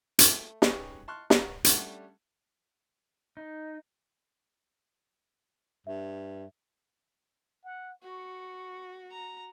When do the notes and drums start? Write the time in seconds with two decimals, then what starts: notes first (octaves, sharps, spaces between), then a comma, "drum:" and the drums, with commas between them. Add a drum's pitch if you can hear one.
0.19 A3, drum: hi-hat
0.62 C#4 D#4 G4 G#4 B4 C#5, drum: snare
1.08 A5 C6 C#6 F6 F#6
1.30 B4 C#5 F#5 A#5, drum: snare
1.64 G3 A3 C#4 D4 F#5, drum: hi-hat
3.37 D#4
5.87 G2 E5
7.64 F#5
8.03 F#4 C#6
9.11 A#5